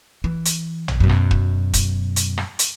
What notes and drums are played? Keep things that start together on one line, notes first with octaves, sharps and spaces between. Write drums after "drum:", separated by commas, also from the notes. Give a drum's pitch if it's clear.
E3
drum: hi-hat
drum: tom A1
F#2 B2
drum: rim click
drum: kick
drum: kick, hi-hat
drum: hi-hat
drum: rim click
drum: hi-hat